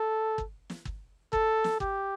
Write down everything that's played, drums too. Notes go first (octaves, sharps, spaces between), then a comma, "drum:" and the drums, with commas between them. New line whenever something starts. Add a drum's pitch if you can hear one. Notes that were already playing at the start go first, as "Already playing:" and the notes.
Already playing: A4
drum: kick
drum: snare
drum: kick
A4, drum: kick
drum: snare
G4, drum: kick